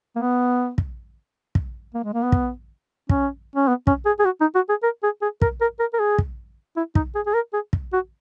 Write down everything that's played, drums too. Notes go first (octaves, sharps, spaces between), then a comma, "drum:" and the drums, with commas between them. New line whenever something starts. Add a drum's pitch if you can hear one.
A#3
B3
drum: kick
drum: kick
A#3
G#3
A#3
B3
drum: kick
C#4, drum: kick
C#4
B3
C#4, drum: kick
G#4
G#4
F#4
D#4
F#4
G#4
A#4
G#4
G#4
A#4, drum: kick
A#4
A#4
A#4
G#4
drum: kick
E4
D#4, drum: kick
G#4
G#4
A#4
G#4
drum: kick
F#4